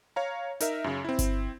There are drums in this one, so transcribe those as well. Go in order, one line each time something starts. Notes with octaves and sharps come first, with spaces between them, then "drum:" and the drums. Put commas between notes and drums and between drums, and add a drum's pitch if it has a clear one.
C#5 F5 A#5
D#4 A#4 E5, drum: hi-hat
F#2 C#3
C4 E4
drum: kick G1, hi-hat